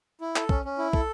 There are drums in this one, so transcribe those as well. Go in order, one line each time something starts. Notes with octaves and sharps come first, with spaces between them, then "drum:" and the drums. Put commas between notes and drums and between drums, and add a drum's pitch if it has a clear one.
E4
A4, drum: clap
C#4, drum: kick
C#4
E4
A4, drum: kick